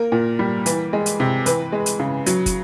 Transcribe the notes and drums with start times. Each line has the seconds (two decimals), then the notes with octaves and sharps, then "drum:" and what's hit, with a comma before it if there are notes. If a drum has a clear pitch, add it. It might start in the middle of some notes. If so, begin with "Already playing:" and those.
Already playing: A#3 A#4
0.12 A#2
0.39 G3
0.66 E3, drum: hi-hat
0.93 G#3
1.06 drum: hi-hat
1.20 C3
1.46 E3 B4, drum: hi-hat
1.72 G#3
1.86 drum: hi-hat
1.99 C#3
2.26 F#3, drum: hi-hat
2.46 drum: kick, hi-hat